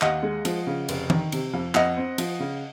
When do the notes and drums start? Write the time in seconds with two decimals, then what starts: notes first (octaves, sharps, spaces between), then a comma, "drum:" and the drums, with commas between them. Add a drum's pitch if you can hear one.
0.01 D#2 D#5 F#5, drum: clap
0.23 G#3
0.45 F3, drum: cymbal
0.67 C#3
0.89 F1, drum: cymbal
1.10 D#3, drum: tom E3
1.32 C3, drum: cymbal
1.54 F2
1.75 F2 D#5 F#5, drum: clap
1.97 C4
2.18 F3, drum: cymbal
2.40 C#3